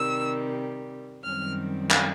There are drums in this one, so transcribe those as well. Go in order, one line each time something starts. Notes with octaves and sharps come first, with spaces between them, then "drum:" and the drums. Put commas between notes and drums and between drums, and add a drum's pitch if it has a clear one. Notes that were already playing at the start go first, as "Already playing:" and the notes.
Already playing: C3 D#3 G3 E6
F#2 D#3 G3 C4 F6
drum: clap